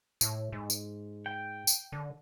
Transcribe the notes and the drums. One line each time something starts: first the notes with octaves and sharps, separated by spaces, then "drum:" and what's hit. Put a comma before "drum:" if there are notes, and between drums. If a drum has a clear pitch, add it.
A2, drum: tambourine
G#2
drum: tambourine
G5
drum: tambourine
D3